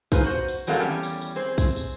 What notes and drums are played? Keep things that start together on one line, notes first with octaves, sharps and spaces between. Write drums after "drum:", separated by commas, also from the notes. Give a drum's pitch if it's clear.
D#4 F4 G#4 B4 C5, drum: kick, tambourine
F#4 C5
drum: tambourine
E3 F#3 G#3 A#3 C4 A4, drum: tambourine
E2 G3 C#4 G4
drum: tambourine
drum: tambourine
C4 G#4 C5
drum: kick, tambourine
drum: tambourine